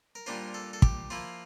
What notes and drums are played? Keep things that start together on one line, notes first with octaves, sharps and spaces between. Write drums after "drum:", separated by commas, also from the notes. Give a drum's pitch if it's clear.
A#4
A#2 G3 A#3 D4 F4 C5
A4
A4
G4, drum: kick
F3 A#3 E4 F4